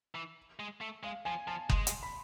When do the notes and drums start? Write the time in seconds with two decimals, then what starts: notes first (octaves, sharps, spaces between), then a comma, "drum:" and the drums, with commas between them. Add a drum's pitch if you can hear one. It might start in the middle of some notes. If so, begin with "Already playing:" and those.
0.15 E3
0.60 G#3
0.81 A3
1.03 G#3 F5
1.25 F3 G#5
1.47 F3 A5
1.69 G#3 C6, drum: kick F#1
1.87 drum: hi-hat
2.03 B5